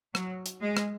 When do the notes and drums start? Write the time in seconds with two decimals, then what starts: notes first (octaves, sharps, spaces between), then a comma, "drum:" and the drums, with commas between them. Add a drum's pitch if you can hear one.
0.15 F#3, drum: rim click
0.46 drum: hi-hat
0.61 G#3
0.77 drum: rim click